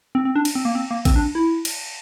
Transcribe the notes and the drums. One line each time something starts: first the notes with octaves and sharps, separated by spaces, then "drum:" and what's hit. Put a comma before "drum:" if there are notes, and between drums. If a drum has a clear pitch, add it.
C4
C4
D4
drum: cymbal
C4
A#3
C4
A#3
C4, drum: kick A1, cymbal
D4
E4
drum: cymbal